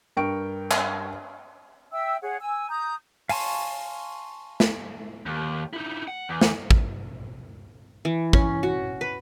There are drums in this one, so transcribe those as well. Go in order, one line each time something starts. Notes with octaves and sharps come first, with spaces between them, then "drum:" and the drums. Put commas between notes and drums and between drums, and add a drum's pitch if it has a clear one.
G2 A#4 G5 C#6 D7
drum: clap
E5 G5 E6
G#4 C#5 F#5
G#5 E6
A#5 D#6 G6
F5 G#5 A5 C6 C#6, drum: open hi-hat
drum: snare
D#2
D#4 E4
F#5
E2
drum: snare
drum: kick
E3
C#4, drum: kick
F#4
B4